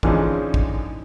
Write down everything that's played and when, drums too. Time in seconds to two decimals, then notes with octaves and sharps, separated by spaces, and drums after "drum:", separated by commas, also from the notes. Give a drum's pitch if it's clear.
0.03 D3 E3 F3 G#3 C#4 D#4, drum: kick
0.54 drum: kick